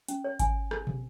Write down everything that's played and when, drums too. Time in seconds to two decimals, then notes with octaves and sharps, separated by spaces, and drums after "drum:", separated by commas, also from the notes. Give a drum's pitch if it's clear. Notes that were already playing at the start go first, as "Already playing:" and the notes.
0.08 C#4, drum: hi-hat
0.24 C#5
0.40 G#5, drum: kick G#1, hi-hat
0.71 drum: rim click
0.87 drum: tom